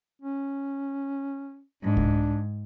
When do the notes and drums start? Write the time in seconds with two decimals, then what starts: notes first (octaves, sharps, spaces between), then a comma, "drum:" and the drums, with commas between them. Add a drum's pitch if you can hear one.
0.22 C#4
1.83 G#2 D4
1.97 drum: kick C2